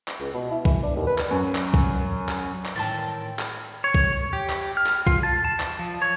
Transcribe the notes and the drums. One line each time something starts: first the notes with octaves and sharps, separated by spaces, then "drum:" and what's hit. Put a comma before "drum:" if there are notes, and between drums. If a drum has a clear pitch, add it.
drum: clap
C#2
B2
E4
E3, drum: kick B1
D4
D#2
B4
drum: clap
F#2
drum: clap
drum: kick B1
drum: clap
drum: clap
A2 D#3 E3 G5 A5 C6 A6
drum: clap
C#5
drum: kick B1
G4
drum: clap
F6
drum: clap
F4, drum: kick B1
A5
A5
drum: clap
F3
C#5